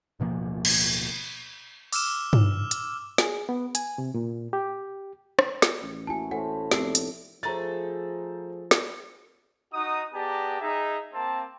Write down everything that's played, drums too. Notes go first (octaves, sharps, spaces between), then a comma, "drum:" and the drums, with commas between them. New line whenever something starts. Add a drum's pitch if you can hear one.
D1 B2 F3 A#3
drum: cymbal
D6 E6 F6 E7, drum: open hi-hat
drum: tom G2
drum: hi-hat
G#4, drum: snare
B3
G#5, drum: hi-hat
C3
A#2
G4
drum: rim click
drum: snare
A1
A#3 E4 F#4 G#5 A5
A2 E4 C5 F#5 G#5
F1 B3 C4 G4 D5 E6 C7, drum: snare
drum: hi-hat
F3 A3 G#4 A4 C5 A#5 A6
drum: snare
D#4 F#4 D#6
B3 G4 G#4 D5 A5 A#5
D#4 G#4 E5
A#3 C4 A5